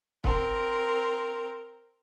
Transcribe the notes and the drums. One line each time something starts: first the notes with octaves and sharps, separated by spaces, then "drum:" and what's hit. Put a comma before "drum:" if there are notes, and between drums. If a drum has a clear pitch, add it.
C4 A#4, drum: kick